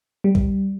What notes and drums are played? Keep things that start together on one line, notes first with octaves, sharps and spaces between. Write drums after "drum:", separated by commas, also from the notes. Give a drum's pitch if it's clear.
G3
drum: kick